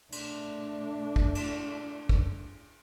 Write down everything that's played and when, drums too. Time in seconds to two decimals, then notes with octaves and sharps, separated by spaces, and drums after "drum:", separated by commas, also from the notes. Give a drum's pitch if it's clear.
0.12 A3 D4, drum: cymbal
1.16 drum: kick
1.35 drum: cymbal
2.09 drum: kick